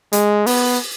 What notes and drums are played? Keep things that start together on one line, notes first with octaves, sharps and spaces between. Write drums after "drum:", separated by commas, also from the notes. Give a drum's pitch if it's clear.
G#3, drum: hi-hat
B3, drum: open hi-hat